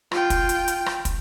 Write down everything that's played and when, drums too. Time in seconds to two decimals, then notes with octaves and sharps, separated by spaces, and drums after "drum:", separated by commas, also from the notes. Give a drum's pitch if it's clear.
0.11 F4 G5, drum: rim click
0.30 drum: kick, hi-hat
0.49 drum: hi-hat
0.68 drum: hi-hat
0.86 drum: rim click
1.05 drum: kick, hi-hat